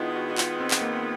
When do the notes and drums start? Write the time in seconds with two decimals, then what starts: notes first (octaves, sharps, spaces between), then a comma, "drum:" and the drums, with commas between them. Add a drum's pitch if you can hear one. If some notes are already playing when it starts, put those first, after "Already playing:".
Already playing: D#3 G#3 B3 D4 E4 F4
0.16 F#4
0.30 F#4
0.38 F4, drum: clap
0.60 C4
0.71 drum: clap
0.81 A#3